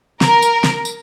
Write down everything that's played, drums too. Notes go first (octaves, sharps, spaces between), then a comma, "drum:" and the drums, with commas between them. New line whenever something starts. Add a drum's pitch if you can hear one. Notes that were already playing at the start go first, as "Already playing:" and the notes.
A#4, drum: snare
drum: tambourine
drum: snare
drum: tambourine